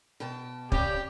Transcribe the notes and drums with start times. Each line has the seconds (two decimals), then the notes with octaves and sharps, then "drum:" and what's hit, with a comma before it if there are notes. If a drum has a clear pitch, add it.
0.20 B2 G5 A5
0.72 C#3 C#4 G4 D5, drum: kick